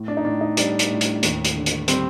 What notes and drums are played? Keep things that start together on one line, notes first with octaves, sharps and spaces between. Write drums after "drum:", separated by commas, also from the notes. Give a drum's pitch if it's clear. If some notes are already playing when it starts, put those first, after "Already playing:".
Already playing: A2
D4
D#4
A2 D4
D#4
G3 D4, drum: hi-hat
drum: hi-hat
A2
drum: hi-hat
D#2, drum: hi-hat
drum: hi-hat
D3
drum: hi-hat
G3 C4, drum: hi-hat